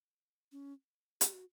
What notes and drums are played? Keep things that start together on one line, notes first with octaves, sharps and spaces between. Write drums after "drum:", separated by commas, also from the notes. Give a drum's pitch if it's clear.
C#4
G4, drum: hi-hat
F#4